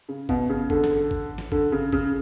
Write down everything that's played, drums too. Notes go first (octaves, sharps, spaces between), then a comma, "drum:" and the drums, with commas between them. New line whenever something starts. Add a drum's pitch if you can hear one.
C#3
B2, drum: kick G#1
C#3
D3, drum: kick G#1
drum: snare
drum: kick G#1
drum: snare
D3, drum: kick G#1
C#3
C#3, drum: kick G#1